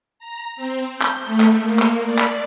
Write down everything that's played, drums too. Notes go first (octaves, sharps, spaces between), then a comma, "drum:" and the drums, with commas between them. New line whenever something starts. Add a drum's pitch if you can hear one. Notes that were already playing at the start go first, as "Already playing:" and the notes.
A#5
C4
G6
drum: clap
A3
drum: clap
A#3
drum: clap
D5
drum: clap